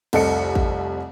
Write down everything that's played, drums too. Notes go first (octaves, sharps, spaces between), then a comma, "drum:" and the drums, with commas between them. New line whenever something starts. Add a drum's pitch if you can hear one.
F1 C2 A4 D#5 C#7, drum: cymbal
drum: kick